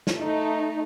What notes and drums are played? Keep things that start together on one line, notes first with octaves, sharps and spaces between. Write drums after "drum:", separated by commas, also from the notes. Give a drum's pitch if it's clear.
drum: snare
A3 D#4